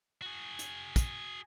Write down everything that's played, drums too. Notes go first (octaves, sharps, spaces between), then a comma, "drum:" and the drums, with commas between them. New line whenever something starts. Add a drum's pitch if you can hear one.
F#4 G#4
drum: hi-hat
drum: kick, hi-hat